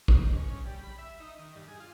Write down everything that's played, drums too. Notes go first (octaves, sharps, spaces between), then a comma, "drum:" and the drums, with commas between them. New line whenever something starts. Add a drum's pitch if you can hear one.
C5, drum: kick
D#3
C#4
C#3
G3
B5
E5
D#4
D#3
G2
G#4
F4